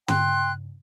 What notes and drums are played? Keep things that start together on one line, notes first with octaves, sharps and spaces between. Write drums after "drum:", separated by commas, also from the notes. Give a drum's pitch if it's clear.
G5 C6 F#6, drum: tom